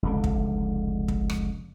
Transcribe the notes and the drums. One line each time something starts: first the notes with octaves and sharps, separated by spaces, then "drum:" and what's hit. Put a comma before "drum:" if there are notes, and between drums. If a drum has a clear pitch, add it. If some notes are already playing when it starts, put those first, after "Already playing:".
F1 C#2 D3
drum: kick
drum: kick
drum: rim click